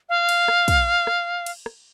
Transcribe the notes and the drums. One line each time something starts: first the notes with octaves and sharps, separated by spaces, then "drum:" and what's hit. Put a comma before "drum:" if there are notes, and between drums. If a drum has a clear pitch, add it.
F5
drum: cymbal
drum: rim click
drum: kick, cymbal
drum: rim click
drum: cymbal
drum: rim click